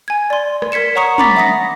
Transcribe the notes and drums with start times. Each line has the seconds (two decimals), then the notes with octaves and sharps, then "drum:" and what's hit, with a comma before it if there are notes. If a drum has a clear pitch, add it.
0.08 G#5 G#6
0.30 D5 C6
0.62 drum: rim click
0.72 A#4 G#6 B6 C#7 E7
0.95 C#5 F#5 A#5 C#6 D#6 C#7
1.18 A#5 B5 D6 A6 B6, drum: tom
1.37 E5 F#5 D#6 A#6